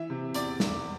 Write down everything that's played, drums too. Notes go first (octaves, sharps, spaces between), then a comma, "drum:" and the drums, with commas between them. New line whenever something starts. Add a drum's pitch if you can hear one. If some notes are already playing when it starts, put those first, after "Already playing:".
Already playing: E3 E5
C3
E2 D5, drum: hi-hat
F1, drum: snare